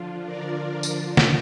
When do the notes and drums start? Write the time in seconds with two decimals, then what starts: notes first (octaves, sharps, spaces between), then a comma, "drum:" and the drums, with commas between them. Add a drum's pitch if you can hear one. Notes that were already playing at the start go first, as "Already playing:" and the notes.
Already playing: D3 F3 D4 F4
0.25 A#4 D5
0.83 drum: tambourine
1.17 drum: snare